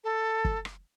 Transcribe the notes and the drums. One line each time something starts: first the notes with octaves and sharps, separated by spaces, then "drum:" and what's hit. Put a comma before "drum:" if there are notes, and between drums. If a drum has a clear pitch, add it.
A4
drum: kick
drum: rim click